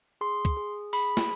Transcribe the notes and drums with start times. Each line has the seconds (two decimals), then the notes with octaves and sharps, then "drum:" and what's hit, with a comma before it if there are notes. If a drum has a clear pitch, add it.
0.21 G#4 C6
0.45 drum: kick, hi-hat
0.57 G#4
0.93 G#4 B5, drum: open hi-hat
1.17 drum: snare